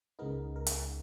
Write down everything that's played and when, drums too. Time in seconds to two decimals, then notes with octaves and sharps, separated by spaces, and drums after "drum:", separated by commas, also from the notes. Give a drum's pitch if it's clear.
0.19 C#2 C#3 G#3 B3 D#4 A#4
0.56 A#4
0.67 drum: hi-hat